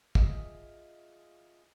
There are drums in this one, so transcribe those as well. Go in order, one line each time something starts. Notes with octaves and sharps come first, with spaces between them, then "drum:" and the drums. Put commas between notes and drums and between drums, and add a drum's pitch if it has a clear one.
F4 G#4 D#5 E5 D#6, drum: kick